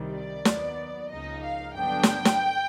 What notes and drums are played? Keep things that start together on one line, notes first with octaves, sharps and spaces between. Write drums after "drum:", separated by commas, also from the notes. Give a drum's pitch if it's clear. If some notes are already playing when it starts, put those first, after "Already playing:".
Already playing: C2 C3 D#3 G3
D5
D#2 D#3 F#3 B3, drum: snare
C#2 C#3 F3 A#3 D#4 D#5
F5
G2 D3 F#3 B3 D4 G5
drum: snare
drum: snare